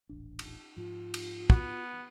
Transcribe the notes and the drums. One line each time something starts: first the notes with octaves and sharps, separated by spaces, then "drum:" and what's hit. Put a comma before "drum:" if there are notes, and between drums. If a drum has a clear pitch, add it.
D#1 A1 D4
drum: cymbal
G#2 F3 F4
drum: cymbal
B3 F#4, drum: kick